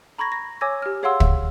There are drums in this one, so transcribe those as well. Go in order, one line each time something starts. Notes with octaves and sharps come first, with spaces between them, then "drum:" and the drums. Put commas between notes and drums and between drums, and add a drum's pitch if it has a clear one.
A#5 B5 C#6 G#6 A#6
A#6
C#5 G#5 D6 E6 G#6 A#6
G4 F6
G#4 C#5 F5 F#5 C6 E6
E5, drum: kick